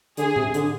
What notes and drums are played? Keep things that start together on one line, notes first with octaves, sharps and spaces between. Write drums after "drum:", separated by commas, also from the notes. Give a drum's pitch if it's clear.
D3 G#4, drum: hi-hat
C3, drum: tom A2
D3, drum: hi-hat